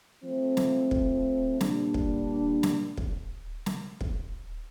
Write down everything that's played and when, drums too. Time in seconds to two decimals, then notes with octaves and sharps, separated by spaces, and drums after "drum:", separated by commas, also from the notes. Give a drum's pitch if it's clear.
0.23 F3 A3 C4
0.57 drum: snare
0.91 drum: kick
1.61 A#2 G3 D4, drum: snare
1.94 drum: kick
2.63 drum: snare
2.97 drum: kick
3.66 drum: snare
4.01 drum: kick